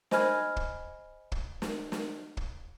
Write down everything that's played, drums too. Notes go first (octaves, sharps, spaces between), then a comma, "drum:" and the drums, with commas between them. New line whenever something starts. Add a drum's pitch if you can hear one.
C5 D#5 G#5 B5 F6 G#6, drum: snare
drum: kick
drum: kick
drum: snare
drum: snare
drum: kick